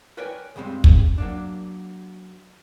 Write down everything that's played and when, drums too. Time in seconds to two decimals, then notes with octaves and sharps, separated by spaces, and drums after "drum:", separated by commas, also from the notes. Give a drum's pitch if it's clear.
0.17 A#4 B4 C#5 D5 G5 G#5
0.56 C#2 G2 G3 G#3 C4
0.84 drum: kick
1.18 F#3 A#3 D4